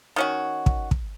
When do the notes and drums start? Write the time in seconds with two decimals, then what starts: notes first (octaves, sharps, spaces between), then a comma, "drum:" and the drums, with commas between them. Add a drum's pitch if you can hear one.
0.16 D#3 C#4 F#4
0.66 drum: kick
0.91 drum: kick